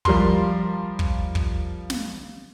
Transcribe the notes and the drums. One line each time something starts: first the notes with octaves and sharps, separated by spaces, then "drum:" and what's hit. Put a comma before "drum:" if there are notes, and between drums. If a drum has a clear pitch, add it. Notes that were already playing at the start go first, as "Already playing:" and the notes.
F3 G3 A#4 C6, drum: kick
drum: kick
drum: kick
drum: snare